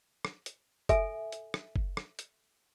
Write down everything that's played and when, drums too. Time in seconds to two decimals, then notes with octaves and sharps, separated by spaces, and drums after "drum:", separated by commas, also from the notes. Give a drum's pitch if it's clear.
0.25 drum: rim click
0.46 drum: hi-hat
0.89 A4 E5 G#5, drum: kick F#1, hi-hat
1.32 drum: hi-hat
1.54 drum: rim click
1.76 drum: kick F#1
1.97 drum: rim click
2.19 drum: hi-hat